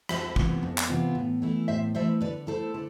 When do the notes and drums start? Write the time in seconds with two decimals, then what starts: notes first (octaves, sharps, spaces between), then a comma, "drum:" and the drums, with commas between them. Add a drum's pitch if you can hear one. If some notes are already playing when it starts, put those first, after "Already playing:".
0.09 F2 C5 E5, drum: rim click
0.36 C3 E3 B3 F4, drum: kick
0.63 F2
0.78 drum: clap
0.89 C3 E3 B3 F4
1.15 A2
1.42 E3 A3 E4
1.68 A2 C5 E5
1.95 E3 A3 E4 C5 E5
2.21 D3 B4 D5
2.47 A3 E4 A4 C5
2.74 D3